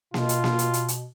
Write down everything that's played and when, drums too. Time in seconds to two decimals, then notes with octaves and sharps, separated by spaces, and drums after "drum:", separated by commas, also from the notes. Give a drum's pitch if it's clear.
0.14 B2 F4, drum: snare A#3
0.29 drum: hi-hat
0.44 drum: snare A#3
0.59 drum: hi-hat
0.74 drum: hi-hat
0.88 drum: hi-hat